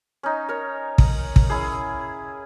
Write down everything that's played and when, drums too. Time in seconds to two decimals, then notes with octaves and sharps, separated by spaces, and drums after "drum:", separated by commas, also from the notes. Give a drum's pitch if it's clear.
0.23 C#4 D#4
0.49 A#4 C#5
0.98 drum: kick
1.36 drum: kick
1.50 C#4 E4 G#4